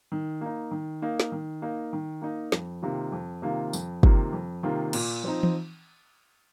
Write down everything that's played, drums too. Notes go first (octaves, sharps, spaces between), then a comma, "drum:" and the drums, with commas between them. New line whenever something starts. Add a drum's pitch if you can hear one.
D#3
A#3 D#4
D#3
A#3 D#4
drum: snare
D#3
A#3 D#4
D#3
A#3 D#4
F2, drum: snare
C3 D#3 A#3 F4
F2
C3 D#3 A#3 F4
F2, drum: tambourine
C3 D#3 A#3 F4, drum: kick
F2
C3 D#3 A#3 F4
A#2, drum: cymbal
F3 C4 D#4
drum: tom E3